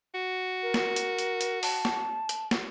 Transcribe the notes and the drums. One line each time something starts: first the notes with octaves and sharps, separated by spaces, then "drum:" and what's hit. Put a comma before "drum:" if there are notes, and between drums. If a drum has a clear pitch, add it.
F#4
A#4
drum: snare
drum: hi-hat
drum: hi-hat
drum: hi-hat
A5, drum: open hi-hat
drum: snare
drum: hi-hat
drum: snare